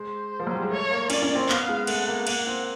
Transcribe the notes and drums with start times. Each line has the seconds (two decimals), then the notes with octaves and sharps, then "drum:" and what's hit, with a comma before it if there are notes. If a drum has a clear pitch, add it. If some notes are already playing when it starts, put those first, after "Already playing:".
Already playing: G#3 C5
0.40 F3
0.47 F#3
0.55 G3
0.63 G#3
0.70 A3 C#5
0.91 A#3
1.10 C#4 D5, drum: cymbal
1.22 C#4
1.35 C4
1.49 B3 F5, drum: clap
1.68 G#3
1.87 A3 F#5, drum: cymbal
2.08 A#3
2.27 A#3 F#5, drum: cymbal
2.47 C4